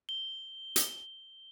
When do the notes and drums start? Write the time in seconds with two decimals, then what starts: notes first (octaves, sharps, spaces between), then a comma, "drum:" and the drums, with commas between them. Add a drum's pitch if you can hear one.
0.09 G7
0.76 drum: hi-hat